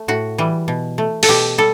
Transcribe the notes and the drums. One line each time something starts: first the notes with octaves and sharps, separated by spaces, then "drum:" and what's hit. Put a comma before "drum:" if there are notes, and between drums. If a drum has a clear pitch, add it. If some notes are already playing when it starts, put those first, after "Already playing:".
Already playing: A3
A2 F#4
E3 G3
B2
A3
A4, drum: open hi-hat
B2 G4
G3 A4